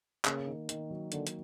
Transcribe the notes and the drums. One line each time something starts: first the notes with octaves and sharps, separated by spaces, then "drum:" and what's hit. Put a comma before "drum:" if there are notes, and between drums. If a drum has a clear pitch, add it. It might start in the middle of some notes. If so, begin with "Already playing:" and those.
C#3 A#3, drum: clap
D#3
D#3, drum: hi-hat
F#3
D3 A#3, drum: hi-hat
drum: hi-hat